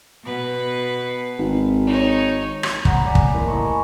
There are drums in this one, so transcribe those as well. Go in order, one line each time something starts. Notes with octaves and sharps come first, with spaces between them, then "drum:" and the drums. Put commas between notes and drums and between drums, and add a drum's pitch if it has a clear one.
B2 B4
G#1
D#4 C#5
drum: rim click
C#4 G#4 F#5 A#5 B5, drum: kick
C#4 C#5 D5 G#5 D6 B6
drum: kick
A3 A#3 C4 E4 G4 A#4
D#5 A5 A#5 C6 C#6
D#5 G#5 B5 C#6